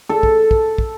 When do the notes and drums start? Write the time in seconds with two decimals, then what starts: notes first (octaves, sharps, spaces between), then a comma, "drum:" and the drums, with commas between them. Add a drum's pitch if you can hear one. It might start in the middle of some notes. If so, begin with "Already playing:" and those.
0.09 A4
0.23 drum: kick
0.51 drum: kick
0.78 drum: kick